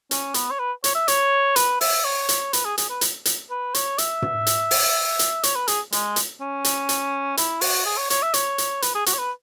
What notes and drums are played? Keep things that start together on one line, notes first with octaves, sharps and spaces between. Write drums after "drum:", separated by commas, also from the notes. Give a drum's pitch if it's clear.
C#4, drum: hi-hat
B3, drum: hi-hat
C#5
B4
C#5, drum: hi-hat
E5
C#5, drum: hi-hat
B4, drum: hi-hat
E5, drum: open hi-hat
C#5
drum: hi-hat
B4, drum: hi-hat
G#4
G#4, drum: hi-hat
B4
drum: hi-hat
drum: hi-hat
B4
C#5, drum: hi-hat
E5, drum: hi-hat
drum: tom
drum: hi-hat
drum: open hi-hat
drum: hi-hat
C#5, drum: hi-hat
B4
G#4, drum: hi-hat
G#3, drum: hi-hat
drum: hi-hat
C#4
drum: hi-hat
drum: hi-hat
E4, drum: hi-hat
F#4, drum: open hi-hat
G#4
C#5
C#5, drum: hi-hat
E5
C#5, drum: hi-hat
drum: hi-hat
B4, drum: hi-hat
G#4
F#4, drum: hi-hat
C#5
B4